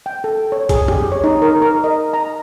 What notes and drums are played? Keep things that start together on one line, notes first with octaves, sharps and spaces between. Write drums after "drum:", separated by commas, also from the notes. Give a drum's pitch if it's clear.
G5
A4
C#5
G#4, drum: kick A#1, hi-hat
G4, drum: tom F2
C#5
D#4
A#4
A#4
D#5
A#5